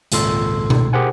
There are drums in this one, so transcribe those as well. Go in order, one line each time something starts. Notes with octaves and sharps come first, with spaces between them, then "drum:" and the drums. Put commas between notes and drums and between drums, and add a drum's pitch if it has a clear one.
G#1 C#2 A#2 A4 C6 E6, drum: hi-hat
drum: tom B2
G4 G#4 A#4 C5 F#5 G#5